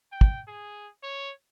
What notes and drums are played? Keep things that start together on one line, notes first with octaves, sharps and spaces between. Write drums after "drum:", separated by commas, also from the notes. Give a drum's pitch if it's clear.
G5
drum: kick
G#4
C#5